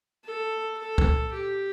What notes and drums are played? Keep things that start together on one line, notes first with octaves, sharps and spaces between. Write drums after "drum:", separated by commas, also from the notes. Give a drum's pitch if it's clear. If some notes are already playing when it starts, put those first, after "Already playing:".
A4
A4
drum: kick
G4